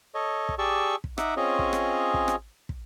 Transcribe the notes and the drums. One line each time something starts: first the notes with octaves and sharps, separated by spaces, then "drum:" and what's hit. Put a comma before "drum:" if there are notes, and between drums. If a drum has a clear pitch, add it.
A4 C#5 D#5
drum: kick
G4 G#4 D5 A5 C#6 E6
drum: kick
D#4 E5 F#5 D6, drum: rim click
C4 C#4 F4 G#4 C#5 D#5
drum: kick
drum: rim click
drum: kick
drum: rim click
drum: kick